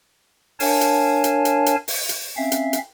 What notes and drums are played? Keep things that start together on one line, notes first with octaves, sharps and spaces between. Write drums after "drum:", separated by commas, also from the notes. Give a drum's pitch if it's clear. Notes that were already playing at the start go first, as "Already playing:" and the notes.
D4 A#4 C#5 F5 G#5 A5, drum: open hi-hat
drum: hi-hat
drum: hi-hat
drum: hi-hat
drum: hi-hat
drum: open hi-hat
drum: hi-hat
C4 C#4 E5 F5
drum: hi-hat
drum: hi-hat